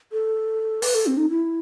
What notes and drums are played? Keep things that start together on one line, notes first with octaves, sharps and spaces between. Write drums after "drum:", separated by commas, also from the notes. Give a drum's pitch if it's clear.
A4
B4, drum: open hi-hat
A4
C4
D#4
E4